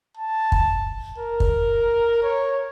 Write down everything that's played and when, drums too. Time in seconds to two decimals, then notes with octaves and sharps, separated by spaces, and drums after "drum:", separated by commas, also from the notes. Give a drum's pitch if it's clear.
0.17 A5
0.52 drum: kick
1.18 A#4
1.40 drum: kick
2.23 C#5